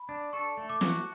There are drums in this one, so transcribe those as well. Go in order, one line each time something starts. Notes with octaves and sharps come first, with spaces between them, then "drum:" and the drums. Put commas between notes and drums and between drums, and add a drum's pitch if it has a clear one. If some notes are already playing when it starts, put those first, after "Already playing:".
Already playing: B5
D4
A4 C#6
A3
D6
F#4, drum: snare